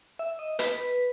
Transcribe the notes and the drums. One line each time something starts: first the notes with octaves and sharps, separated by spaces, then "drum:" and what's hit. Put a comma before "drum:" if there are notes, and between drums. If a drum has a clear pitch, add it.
E5
D#5
B4, drum: hi-hat
B4